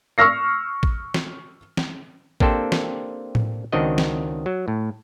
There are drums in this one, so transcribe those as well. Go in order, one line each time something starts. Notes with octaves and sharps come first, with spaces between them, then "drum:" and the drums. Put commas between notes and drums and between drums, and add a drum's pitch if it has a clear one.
C#6 E6 F6 A#6 C7
drum: kick A1
drum: snare
drum: snare
A#3 C4 D4 G4 A4 C5, drum: kick A1
drum: snare
drum: tom A2
C#2 D#3 C4 D4 F#4 D#5
drum: snare
F#3
A2